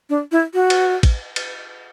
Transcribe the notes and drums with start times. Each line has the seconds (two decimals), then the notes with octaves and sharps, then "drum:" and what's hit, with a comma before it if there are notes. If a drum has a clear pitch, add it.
0.10 D4
0.32 E4
0.54 F#4
0.70 drum: cymbal
1.03 drum: kick A1, cymbal
1.36 drum: cymbal